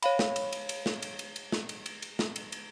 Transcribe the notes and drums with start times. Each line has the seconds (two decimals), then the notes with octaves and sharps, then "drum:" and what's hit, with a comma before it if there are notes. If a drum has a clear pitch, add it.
0.03 C#5 F5 B5, drum: cymbal
0.19 drum: snare
0.36 drum: cymbal
0.52 drum: cymbal
0.69 drum: cymbal
0.86 drum: snare
1.02 drum: cymbal
1.19 drum: cymbal
1.36 drum: cymbal
1.52 drum: snare
1.69 drum: cymbal
1.86 drum: cymbal
2.02 drum: cymbal
2.19 drum: snare
2.36 drum: cymbal
2.52 drum: cymbal